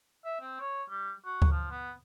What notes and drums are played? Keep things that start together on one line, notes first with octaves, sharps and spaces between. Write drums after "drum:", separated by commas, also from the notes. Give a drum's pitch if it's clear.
E5
C4
C#5
G3
F#4
drum: kick D2
F3
B3